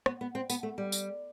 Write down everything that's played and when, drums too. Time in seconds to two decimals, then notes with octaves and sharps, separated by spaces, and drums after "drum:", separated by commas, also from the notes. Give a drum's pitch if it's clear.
0.06 B3, drum: rim click
0.21 B3
0.35 C4
0.50 B3, drum: tambourine
0.63 A3
0.78 G3
0.92 drum: tambourine